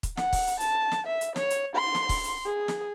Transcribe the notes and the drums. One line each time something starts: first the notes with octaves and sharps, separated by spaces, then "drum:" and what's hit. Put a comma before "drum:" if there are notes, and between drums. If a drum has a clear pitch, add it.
drum: kick, hi-hat
F#5, drum: snare
drum: kick, open hi-hat
drum: hi-hat
A5, drum: hi-hat
drum: snare
E5
drum: hi-hat
C#5, drum: snare
drum: hi-hat
C6
drum: snare
drum: kick, open hi-hat
drum: hi-hat
G#4
drum: snare